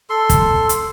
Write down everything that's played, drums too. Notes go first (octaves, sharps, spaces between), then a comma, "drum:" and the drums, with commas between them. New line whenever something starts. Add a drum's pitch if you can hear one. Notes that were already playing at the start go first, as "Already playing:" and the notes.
A4 C6
drum: kick, hi-hat
drum: hi-hat